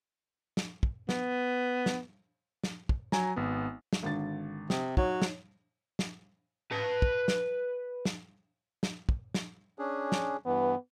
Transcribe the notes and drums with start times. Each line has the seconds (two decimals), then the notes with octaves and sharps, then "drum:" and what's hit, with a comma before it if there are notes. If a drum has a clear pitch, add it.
0.57 drum: snare
0.83 drum: kick
1.09 B3, drum: snare
1.86 drum: snare
2.64 drum: snare
2.89 drum: kick
3.12 F#3 G#5 A#5, drum: snare
3.36 G#1 B3
3.93 drum: snare
4.03 G#1 D3 A6
4.70 C3 D#6, drum: snare
4.97 F#3 D#4 C#5, drum: kick
5.22 drum: snare
5.99 drum: snare
6.72 B4 A5
7.02 drum: kick
7.28 drum: snare
8.05 drum: snare
8.83 drum: snare
9.09 drum: kick
9.34 drum: snare
9.79 C#4 D4 G#4
10.12 drum: snare
10.46 G2 E3 B3